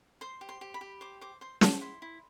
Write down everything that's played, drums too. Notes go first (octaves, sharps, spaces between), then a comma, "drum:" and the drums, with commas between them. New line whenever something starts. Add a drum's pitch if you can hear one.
C5 C6
G4
C6
G4
B5
G4
C5 D6
C5 D6
C5 C6
C5 A5, drum: snare
E4 C6
E4